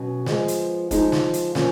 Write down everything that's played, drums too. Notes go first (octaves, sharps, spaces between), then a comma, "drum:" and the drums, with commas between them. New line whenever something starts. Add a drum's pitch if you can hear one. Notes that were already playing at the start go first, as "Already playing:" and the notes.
Already playing: B2 F#3 C#4
F3 G#3 B3, drum: snare
drum: hi-hat
F3 G#3 D#4, drum: kick F#1, hi-hat
drum: snare
drum: hi-hat
A#2 F3 A#3 C#4, drum: snare